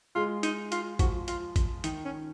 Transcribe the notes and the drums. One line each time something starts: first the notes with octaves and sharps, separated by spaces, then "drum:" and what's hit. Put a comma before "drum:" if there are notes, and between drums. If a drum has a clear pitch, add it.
G#3 F4
D#4, drum: hi-hat
F4, drum: hi-hat
F3 F#4, drum: kick A1, hi-hat
F4, drum: hi-hat
drum: kick A1, hi-hat
D#3 D#4, drum: hi-hat
C#4